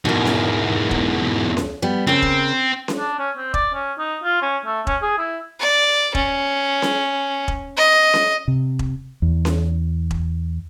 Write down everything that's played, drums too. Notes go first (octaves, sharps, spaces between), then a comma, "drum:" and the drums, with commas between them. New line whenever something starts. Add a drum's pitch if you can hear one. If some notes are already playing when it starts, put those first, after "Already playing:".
E2 G#2 B2 A#4
drum: snare C#4
drum: kick E1
drum: snare C#4
G3 B3
C#3 C4 A#4
drum: kick E1
drum: snare C#4
D4
C#4
C4
D5, drum: kick E1
C#4
D#4
F4
C#4
A3
C#4, drum: kick E1
G#4
E4
D5
C#4, drum: kick E1
drum: snare C#4
drum: kick E1
D#5
drum: snare C#4
C3
drum: kick E1
E2
drum: snare C#4
drum: kick E1